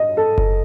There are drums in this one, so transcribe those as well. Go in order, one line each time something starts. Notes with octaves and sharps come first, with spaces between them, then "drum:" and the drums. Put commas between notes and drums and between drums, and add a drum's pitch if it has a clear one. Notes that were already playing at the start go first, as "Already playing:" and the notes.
Already playing: D#5
A4
drum: kick F#1